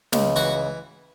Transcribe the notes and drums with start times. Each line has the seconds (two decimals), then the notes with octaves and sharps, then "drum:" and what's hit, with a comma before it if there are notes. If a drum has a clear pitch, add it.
0.13 C#2, drum: snare
0.36 E3 F#4 F#5